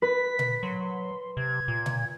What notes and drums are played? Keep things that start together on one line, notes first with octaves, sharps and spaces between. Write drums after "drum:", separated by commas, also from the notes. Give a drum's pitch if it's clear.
B4 B6
drum: tom A#2
F#3 C6
C3 G#6
A#2
drum: tom A#2